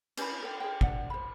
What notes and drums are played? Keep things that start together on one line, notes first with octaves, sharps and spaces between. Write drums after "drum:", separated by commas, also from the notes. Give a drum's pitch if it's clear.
C#4 B5, drum: cymbal
A4 G5
G#4 G5
D4 D5 F#5, drum: kick
C5 B5